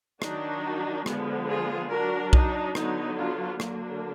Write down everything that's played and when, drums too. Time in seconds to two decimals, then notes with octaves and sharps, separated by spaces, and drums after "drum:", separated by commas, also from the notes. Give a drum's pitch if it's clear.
0.22 D#3 F#3 D4 D#4 F#4, drum: rim click
1.06 D3 F3 G#3 B3, drum: rim click
1.49 F4 G#4
1.91 F#3 D4 F#4 A#4
2.33 D#4, drum: kick B1
2.75 D3 F#3 B3 D#4, drum: rim click
3.18 D4 F4
3.60 D3 F#3 A#3 D4, drum: rim click